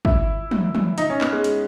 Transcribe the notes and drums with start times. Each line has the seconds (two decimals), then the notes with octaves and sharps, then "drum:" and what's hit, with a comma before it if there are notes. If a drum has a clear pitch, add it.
0.05 E4, drum: kick
0.51 drum: tom
0.75 drum: tom
0.98 D#4, drum: hi-hat
1.10 C#4
1.21 B3, drum: clap
1.33 G#3
1.44 drum: hi-hat